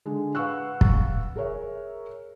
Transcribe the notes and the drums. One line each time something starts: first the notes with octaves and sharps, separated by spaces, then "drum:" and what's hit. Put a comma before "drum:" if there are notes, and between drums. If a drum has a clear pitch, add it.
D3 G#3
B4 F5 F#5 C#6 E6 F#6
drum: kick
G#4 A#4 C#5 E5